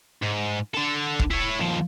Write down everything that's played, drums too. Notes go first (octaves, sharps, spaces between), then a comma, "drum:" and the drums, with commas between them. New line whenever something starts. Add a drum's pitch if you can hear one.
G#2
D3 A4
drum: kick
E4 C#5
D#2 F3